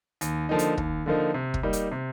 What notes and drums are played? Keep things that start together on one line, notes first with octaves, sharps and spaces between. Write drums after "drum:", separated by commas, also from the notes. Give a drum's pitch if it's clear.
D#2, drum: hi-hat
D3 F3 A#3 D#4
drum: hi-hat
D#2, drum: kick
D3 F3 A#3 D#4
C3
drum: kick
G3 A#3 D#4
drum: hi-hat
C3